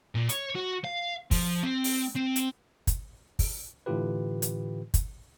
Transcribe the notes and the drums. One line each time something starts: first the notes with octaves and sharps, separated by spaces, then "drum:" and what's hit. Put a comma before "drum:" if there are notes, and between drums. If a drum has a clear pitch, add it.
A#2
C#5, drum: hi-hat
F#4
F5
F3, drum: kick, open hi-hat
C4
drum: open hi-hat
C4
drum: hi-hat
drum: kick, hi-hat
drum: kick, open hi-hat
A2 D3 E3 F4 G4 B4
drum: hi-hat
drum: kick, hi-hat